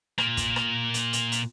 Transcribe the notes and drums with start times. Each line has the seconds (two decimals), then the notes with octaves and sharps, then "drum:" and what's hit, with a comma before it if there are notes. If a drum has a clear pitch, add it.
0.18 A#2 A#3, drum: rim click
0.37 drum: kick, hi-hat
0.56 drum: rim click
0.94 drum: hi-hat
1.13 drum: hi-hat
1.32 drum: hi-hat